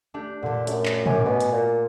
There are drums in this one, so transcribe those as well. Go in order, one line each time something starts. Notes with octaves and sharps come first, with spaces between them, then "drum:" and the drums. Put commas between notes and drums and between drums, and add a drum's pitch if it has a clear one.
A3 D4 G4
A#2 D3 A3
F#2, drum: hi-hat
drum: clap
F#2 G#5 D6, drum: tom
B2
drum: hi-hat
A#2